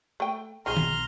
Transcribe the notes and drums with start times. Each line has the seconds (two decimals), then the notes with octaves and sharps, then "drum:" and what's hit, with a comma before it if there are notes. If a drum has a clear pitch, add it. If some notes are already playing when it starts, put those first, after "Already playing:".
0.20 A3 G5
0.66 B1 D#3 F3 G#4 A#5 C6 F6
0.77 drum: tom